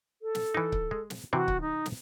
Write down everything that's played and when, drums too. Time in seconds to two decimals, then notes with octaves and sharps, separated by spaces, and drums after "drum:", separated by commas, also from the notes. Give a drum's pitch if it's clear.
0.22 A4
0.35 drum: snare
0.55 E3 D#4
0.72 drum: kick C#1
0.91 G#3
1.10 drum: snare
1.33 C3 E3 C4 F#4
1.48 drum: kick C#1
1.61 D#4
1.86 drum: snare